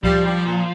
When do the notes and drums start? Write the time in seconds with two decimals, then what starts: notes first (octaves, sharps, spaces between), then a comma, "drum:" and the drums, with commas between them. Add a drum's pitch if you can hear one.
0.04 F3 G3, drum: kick D2
0.25 G3
0.45 A#2